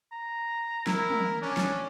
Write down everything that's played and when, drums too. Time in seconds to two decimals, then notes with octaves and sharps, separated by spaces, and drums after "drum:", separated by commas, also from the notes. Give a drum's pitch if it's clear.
0.12 A#5
0.87 E4 A#4, drum: snare
1.10 drum: tom
1.42 C#4 D4
1.57 drum: snare